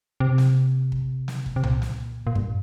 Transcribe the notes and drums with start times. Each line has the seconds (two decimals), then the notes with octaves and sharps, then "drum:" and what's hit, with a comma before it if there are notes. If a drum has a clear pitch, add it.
0.20 C3
0.38 drum: snare
0.92 drum: kick
1.28 drum: snare
1.46 drum: kick
1.56 C3
1.63 A#2, drum: tom C2
1.82 drum: snare
2.27 A#2
2.35 G2, drum: kick